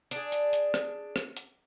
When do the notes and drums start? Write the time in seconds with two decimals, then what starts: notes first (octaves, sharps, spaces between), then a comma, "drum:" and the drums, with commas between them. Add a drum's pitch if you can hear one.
0.11 D4 G#4, drum: hi-hat
0.32 drum: hi-hat
0.53 drum: hi-hat
0.74 drum: rim click
1.16 drum: rim click
1.37 drum: hi-hat